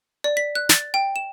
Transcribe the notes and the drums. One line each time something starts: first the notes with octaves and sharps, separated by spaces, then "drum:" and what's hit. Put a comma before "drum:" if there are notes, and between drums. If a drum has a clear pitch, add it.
D5
B6
F#6
A6, drum: snare
G5
E7